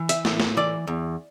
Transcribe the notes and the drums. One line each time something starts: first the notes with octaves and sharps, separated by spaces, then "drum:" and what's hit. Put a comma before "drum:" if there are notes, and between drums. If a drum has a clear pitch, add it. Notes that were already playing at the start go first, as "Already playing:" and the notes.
Already playing: E3
E5, drum: hi-hat
A2, drum: snare
drum: snare
E3 D5
E2